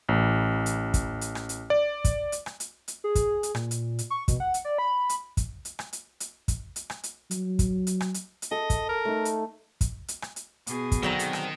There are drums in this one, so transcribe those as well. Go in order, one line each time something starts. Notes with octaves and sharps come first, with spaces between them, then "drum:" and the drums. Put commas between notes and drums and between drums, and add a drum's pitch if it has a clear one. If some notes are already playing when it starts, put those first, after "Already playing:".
A1
drum: hi-hat
drum: kick, hi-hat
drum: hi-hat
drum: rim click
drum: hi-hat
D5
drum: kick, hi-hat
drum: hi-hat
drum: rim click
drum: hi-hat
drum: hi-hat
G#4
drum: kick, hi-hat
drum: hi-hat
A#2, drum: rim click
drum: hi-hat
drum: hi-hat
C#6
B2, drum: kick, hi-hat
F#5
drum: hi-hat
D5
B5
drum: hi-hat
drum: kick, hi-hat
drum: hi-hat
drum: rim click
drum: hi-hat
drum: hi-hat
drum: kick, hi-hat
drum: hi-hat
drum: rim click
drum: hi-hat
F#3, drum: hi-hat
drum: kick, hi-hat
drum: hi-hat
drum: rim click
drum: hi-hat
drum: hi-hat
A4 D#5 E5
drum: kick, hi-hat
A#4
A3 D#4
drum: hi-hat
drum: kick, hi-hat
drum: hi-hat
drum: rim click
drum: hi-hat
B2 G#4, drum: hi-hat
drum: kick, hi-hat
D3 D#3 F#3 C4 A#5
drum: hi-hat
drum: rim click